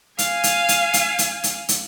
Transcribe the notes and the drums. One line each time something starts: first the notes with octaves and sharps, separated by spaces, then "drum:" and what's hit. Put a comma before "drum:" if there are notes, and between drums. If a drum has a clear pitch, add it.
F5 G#5, drum: hi-hat
drum: hi-hat
drum: hi-hat
drum: hi-hat
drum: hi-hat
drum: hi-hat
drum: hi-hat